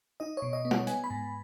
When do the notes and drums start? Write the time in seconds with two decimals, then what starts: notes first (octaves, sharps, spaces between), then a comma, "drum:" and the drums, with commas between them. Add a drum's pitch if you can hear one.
0.20 D#4 D#5
0.37 B2 C#5
0.53 D#5
0.65 B3
0.71 F#5, drum: tom G3
0.87 B3 G#5, drum: hi-hat
1.04 B5
1.10 G#2